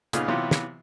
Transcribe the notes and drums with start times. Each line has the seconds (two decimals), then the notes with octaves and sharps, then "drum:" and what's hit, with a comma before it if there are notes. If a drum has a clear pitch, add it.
0.13 A#2 C#3 B3 D#4 F4 G#4, drum: hi-hat
0.28 C3 E3 F#3 B3 F4 G4
0.51 drum: snare